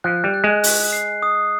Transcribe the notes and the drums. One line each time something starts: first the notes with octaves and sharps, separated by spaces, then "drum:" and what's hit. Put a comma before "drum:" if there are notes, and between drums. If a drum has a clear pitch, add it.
F3 F#6
G3
F#6
G#3
F#6, drum: open hi-hat
C7
D#6